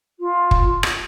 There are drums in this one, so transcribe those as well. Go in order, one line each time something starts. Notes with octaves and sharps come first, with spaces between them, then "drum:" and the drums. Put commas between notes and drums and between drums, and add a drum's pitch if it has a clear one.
F4
drum: kick
drum: rim click